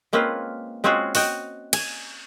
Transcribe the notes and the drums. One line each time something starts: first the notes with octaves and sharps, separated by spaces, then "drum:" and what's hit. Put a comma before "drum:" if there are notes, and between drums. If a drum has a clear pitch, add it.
G#3 A#3 C4 C#4 F4 B4
G#3 C4 C#4 F4 F#4 G#4
F#4 D#5 G5, drum: open hi-hat
G#5, drum: cymbal